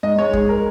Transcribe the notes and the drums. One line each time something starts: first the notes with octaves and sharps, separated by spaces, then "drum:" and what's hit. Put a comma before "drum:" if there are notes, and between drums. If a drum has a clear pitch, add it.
G#2 D#5
G#3 C#5
G#2 G#4, drum: kick
G#3 A#4